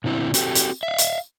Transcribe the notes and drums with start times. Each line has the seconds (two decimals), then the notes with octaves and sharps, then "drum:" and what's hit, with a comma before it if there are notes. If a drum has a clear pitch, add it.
0.04 A#2 D3 C4 E4
0.34 C4 F#4 G4 A4, drum: hi-hat
0.55 drum: hi-hat
0.83 E5 F5
0.98 drum: hi-hat